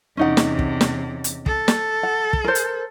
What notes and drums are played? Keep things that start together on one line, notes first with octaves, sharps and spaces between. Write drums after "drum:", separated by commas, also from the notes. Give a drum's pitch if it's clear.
E2 C3 C#4 D#4 F#5
drum: snare
drum: kick
drum: snare
drum: hi-hat
A4, drum: kick
drum: snare
F#5
drum: kick
A#4 C5
drum: hi-hat